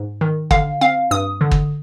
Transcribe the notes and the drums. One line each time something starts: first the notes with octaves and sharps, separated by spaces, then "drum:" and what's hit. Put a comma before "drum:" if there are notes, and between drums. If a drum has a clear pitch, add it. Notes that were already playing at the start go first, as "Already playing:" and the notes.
Already playing: G#2
D#3
D3 F5, drum: kick
C4 F5
G2 D#6
D3
drum: kick